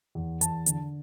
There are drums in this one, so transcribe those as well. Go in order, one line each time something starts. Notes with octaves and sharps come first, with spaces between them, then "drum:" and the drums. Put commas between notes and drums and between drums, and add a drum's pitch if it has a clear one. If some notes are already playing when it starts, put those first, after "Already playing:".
E2
E2 A5, drum: hi-hat
D3, drum: hi-hat